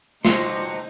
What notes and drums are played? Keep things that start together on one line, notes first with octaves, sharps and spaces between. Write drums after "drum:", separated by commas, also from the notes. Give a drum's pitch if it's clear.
E2 C3 D#4 F#4 A4 C5 C6, drum: snare